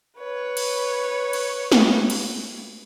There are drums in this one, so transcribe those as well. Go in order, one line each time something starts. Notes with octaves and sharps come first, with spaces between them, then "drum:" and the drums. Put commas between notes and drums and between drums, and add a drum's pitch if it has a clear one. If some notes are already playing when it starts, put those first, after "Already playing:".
B4 C#5
drum: cymbal
drum: cymbal
drum: snare
drum: cymbal